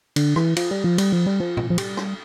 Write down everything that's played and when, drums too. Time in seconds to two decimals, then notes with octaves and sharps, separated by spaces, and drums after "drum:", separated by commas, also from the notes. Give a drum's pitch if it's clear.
0.16 D3, drum: cymbal
0.36 E3, drum: rim click
0.56 F3, drum: cymbal
0.71 G3
0.84 F3
0.98 G3, drum: cymbal
1.12 F3
1.26 G3
1.40 F3
1.57 drum: tom A2
1.70 F3
1.78 G3, drum: cymbal
1.97 drum: rim click